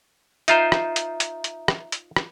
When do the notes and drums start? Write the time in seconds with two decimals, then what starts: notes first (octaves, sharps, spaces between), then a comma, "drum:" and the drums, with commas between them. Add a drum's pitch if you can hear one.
0.48 D#4 F4 C5 E5 A#5, drum: hi-hat
0.72 drum: rim click
0.96 drum: hi-hat
1.20 drum: hi-hat
1.44 drum: hi-hat
1.68 drum: rim click
1.92 drum: hi-hat
2.16 drum: rim click